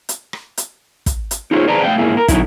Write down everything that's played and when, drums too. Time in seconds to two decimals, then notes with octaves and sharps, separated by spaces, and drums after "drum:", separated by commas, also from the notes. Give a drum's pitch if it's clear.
0.09 drum: hi-hat
0.33 drum: rim click
0.57 drum: hi-hat
1.06 drum: kick, hi-hat
1.31 drum: hi-hat
1.51 D#4 F4 G#4 A#4 C5 C#5
1.68 G#4 B4 C5 D5 A5 A#5
1.84 A3 F5 G5
1.98 G#2 A#3 E4 G#4
2.17 A#4
2.28 B2 D3 F#3 D#4 E4, drum: kick, hi-hat